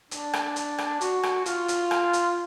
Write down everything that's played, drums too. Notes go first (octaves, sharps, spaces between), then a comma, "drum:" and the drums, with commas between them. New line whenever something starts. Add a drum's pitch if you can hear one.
D4, drum: hi-hat
drum: rim click
drum: hi-hat
drum: rim click
F#4, drum: hi-hat
drum: rim click
F4, drum: hi-hat
drum: hi-hat
drum: rim click
drum: hi-hat